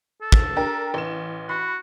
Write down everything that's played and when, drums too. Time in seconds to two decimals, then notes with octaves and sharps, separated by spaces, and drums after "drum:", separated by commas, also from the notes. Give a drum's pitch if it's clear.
0.22 A4
0.32 drum: kick
0.56 D4 G4 A#4
0.94 A1 E7
1.49 F#4 B5